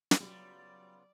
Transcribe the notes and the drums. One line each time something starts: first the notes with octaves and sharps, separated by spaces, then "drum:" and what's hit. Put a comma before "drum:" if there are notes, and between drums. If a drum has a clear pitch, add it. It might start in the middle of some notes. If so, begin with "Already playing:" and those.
drum: snare
C#3 F#3 G3 B3 F4 D5